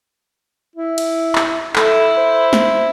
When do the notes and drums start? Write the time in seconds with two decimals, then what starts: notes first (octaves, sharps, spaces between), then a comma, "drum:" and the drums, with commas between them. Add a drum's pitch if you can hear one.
0.76 E4
0.98 drum: cymbal
1.35 drum: clap
1.76 E4 A4, drum: clap
2.17 C5
2.53 drum: snare